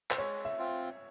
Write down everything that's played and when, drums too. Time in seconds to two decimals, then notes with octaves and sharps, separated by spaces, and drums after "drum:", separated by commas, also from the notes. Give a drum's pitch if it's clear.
0.11 C5, drum: clap
0.18 G#3 C#5
0.45 E5
0.58 C4 F4